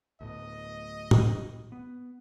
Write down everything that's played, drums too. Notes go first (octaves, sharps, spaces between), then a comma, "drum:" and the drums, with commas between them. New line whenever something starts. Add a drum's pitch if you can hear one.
D2 A2 B3 D#5
drum: tom A2
B3